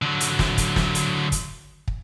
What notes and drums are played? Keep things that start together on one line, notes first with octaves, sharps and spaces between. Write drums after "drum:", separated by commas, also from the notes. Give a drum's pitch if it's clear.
D3 F#3
drum: hi-hat
drum: snare
drum: kick, hi-hat
drum: snare
drum: hi-hat
drum: kick, hi-hat
drum: kick